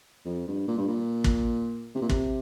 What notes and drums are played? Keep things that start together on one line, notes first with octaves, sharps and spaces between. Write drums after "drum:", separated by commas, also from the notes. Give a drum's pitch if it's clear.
F2
G2
A#2
G2
A#2
drum: kick
C3
A#2
C3, drum: kick